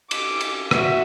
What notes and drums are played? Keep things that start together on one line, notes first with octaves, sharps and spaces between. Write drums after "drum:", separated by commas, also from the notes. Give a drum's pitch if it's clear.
D6, drum: cymbal
drum: cymbal
F#4 E5, drum: rim click